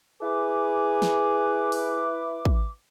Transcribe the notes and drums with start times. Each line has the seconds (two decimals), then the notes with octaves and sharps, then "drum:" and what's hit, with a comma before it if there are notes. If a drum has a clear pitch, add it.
0.22 E4 G#4 B4 D6
1.02 drum: snare
1.72 drum: open hi-hat
2.45 drum: kick